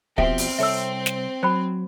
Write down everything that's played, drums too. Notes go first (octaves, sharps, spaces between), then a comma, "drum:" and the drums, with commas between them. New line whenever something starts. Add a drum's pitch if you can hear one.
B2 F3 C4 G4 E5, drum: kick
drum: open hi-hat
C2 A4 C#5 E5 E6
drum: snare
F#3 C5 B5